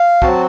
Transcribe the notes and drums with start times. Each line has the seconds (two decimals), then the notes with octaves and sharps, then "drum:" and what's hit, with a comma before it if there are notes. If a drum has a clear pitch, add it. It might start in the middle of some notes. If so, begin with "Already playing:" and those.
Already playing: F5
0.22 F#3 C4 F#4 A5, drum: kick